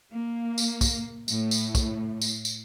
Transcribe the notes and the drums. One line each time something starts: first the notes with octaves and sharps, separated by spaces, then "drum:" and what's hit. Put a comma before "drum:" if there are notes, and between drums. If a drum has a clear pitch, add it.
A#3
drum: tambourine
drum: kick, tambourine
A2, drum: tambourine
drum: tambourine
drum: kick, tambourine
drum: tambourine
drum: tambourine